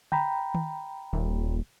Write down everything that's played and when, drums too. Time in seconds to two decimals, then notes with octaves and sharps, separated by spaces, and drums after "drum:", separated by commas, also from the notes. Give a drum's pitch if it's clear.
0.12 G5 A#5 B5, drum: tom
0.54 drum: tom D#3
1.13 D#1, drum: tom